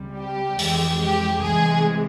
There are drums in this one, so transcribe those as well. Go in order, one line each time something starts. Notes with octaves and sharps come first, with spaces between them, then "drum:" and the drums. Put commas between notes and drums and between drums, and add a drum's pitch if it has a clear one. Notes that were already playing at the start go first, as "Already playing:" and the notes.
Already playing: C#2 C3 G3
G4
F2 E3 G#3, drum: open hi-hat
G4
C2 C3 E3 G#3 G#4